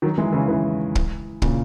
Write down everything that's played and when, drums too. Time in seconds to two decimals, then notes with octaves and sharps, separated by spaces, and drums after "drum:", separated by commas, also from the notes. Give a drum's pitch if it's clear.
0.02 D#3 F#3
0.18 E3 G#3
0.33 C#3 E3
0.48 C#3 E3
0.95 drum: kick
1.42 A#2 C#3, drum: kick